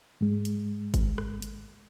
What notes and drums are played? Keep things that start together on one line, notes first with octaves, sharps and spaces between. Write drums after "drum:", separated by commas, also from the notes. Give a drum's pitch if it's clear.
G#2 G#3
drum: hi-hat
drum: kick G#1, hi-hat
drum: rim click
drum: hi-hat